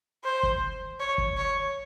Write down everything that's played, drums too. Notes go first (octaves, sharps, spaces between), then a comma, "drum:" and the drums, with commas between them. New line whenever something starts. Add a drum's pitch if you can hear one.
C5
drum: kick
C#5
drum: kick
C#5